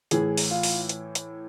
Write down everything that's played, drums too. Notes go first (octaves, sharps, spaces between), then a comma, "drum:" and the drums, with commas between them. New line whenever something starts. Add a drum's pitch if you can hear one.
A2 E3 G#4, drum: hi-hat
drum: open hi-hat
F4
drum: open hi-hat
drum: hi-hat
drum: hi-hat